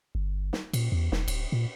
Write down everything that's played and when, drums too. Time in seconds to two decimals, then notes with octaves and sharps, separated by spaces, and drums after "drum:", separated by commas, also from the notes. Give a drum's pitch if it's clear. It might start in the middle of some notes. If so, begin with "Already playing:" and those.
0.15 G1
0.53 drum: snare
0.73 A#2, drum: cymbal
0.92 E2
1.12 E1, drum: snare
1.28 D1, drum: cymbal
1.52 A#2